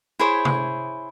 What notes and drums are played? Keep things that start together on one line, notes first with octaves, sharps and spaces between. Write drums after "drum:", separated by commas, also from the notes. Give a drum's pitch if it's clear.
E4 G#4 C5 C#5
drum: tom C3